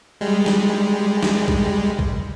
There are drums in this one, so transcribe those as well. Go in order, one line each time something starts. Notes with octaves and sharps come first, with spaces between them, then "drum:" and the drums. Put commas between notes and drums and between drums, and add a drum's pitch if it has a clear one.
G3 G#3
drum: snare
drum: snare
drum: kick
drum: kick